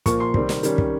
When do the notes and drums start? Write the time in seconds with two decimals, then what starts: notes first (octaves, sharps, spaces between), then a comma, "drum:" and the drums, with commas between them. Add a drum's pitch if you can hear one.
0.06 A#2 F3 A#3 C#6, drum: kick, hi-hat
0.20 C6
0.34 C3 D#3 G3 C4, drum: kick
0.49 drum: snare
0.63 D#3 G3 C#4, drum: hi-hat
0.78 drum: kick